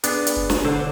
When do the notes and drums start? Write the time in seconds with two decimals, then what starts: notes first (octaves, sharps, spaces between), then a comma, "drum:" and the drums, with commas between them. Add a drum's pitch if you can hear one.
0.04 B3 D4 G#4, drum: hi-hat
0.27 drum: hi-hat
0.37 F#1
0.50 drum: snare
0.65 D3 C5